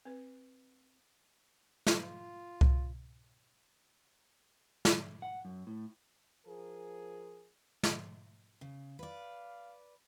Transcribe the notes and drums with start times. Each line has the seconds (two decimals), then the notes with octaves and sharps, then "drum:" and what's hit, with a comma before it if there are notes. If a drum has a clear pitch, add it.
0.05 C4 B4
1.87 drum: snare
2.00 F4
2.61 drum: kick C2
4.85 drum: snare
5.22 F#5
5.45 F#2
5.67 A2
6.46 F3 G#4 A#4
7.83 drum: snare
8.61 C#3
8.99 B4 D5 F5